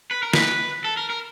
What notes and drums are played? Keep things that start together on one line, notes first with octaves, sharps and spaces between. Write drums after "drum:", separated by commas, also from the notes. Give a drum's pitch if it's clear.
B4
A#4
B4, drum: snare
A4
A#4
A#4